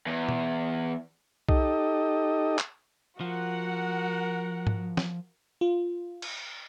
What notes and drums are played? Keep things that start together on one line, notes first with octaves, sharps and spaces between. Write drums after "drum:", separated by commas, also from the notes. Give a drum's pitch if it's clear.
E2
drum: tom B2
D#4 G4 A4 D#5, drum: kick B1
drum: clap
F3 F#4 A#4 F#5
drum: tom G#2
drum: snare
F4
drum: cymbal